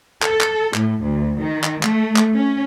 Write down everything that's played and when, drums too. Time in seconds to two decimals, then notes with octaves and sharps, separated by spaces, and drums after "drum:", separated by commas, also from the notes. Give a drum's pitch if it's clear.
0.22 A4, drum: clap
0.41 drum: clap
0.74 A2, drum: clap
1.02 D2
1.39 D#3
1.64 drum: clap
1.83 A3, drum: clap
2.16 drum: clap
2.34 C#4